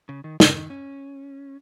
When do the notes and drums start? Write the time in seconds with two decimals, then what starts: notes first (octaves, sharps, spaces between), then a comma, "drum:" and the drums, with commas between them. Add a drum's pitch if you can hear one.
0.09 C#3
0.24 D#3
0.40 C#3, drum: snare
0.55 D#3
0.70 C#4